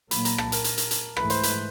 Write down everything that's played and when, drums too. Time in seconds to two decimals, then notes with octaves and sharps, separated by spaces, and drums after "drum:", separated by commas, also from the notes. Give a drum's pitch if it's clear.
0.11 A#2 F#3 A#3 B5, drum: hi-hat
0.25 A#5, drum: hi-hat
0.38 A5, drum: rim click
0.52 A#4 A#5, drum: hi-hat
0.64 drum: hi-hat
0.78 drum: hi-hat
0.91 drum: hi-hat
1.17 G#2 E3 A3 B4 B5, drum: rim click
1.30 C5 C6, drum: hi-hat
1.43 B4 B5, drum: hi-hat